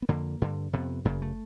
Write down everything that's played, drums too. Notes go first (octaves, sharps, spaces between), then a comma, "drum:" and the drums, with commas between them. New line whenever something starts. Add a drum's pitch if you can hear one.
B3
F2 D3 A#3
G2 D3
F2 C3 B3
F#2 C#3 A#3, drum: kick G1
A3